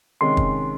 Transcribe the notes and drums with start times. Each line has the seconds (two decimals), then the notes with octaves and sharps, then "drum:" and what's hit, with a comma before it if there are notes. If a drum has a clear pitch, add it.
0.21 C3 D#3 G#3 C#4 C6
0.37 drum: kick